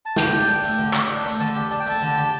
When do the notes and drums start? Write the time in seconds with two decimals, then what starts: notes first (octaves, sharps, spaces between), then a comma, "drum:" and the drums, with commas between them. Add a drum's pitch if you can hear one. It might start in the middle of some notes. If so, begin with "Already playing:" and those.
0.06 A5
0.16 D3 G5, drum: snare
0.33 G4
0.48 D4
0.64 A3
0.79 D3
0.93 G4, drum: clap
1.09 D4
1.25 A3
1.40 D3 A5
1.55 G4
1.71 D4 A5
1.80 G5
1.86 A3 A5
2.02 D3
2.17 G4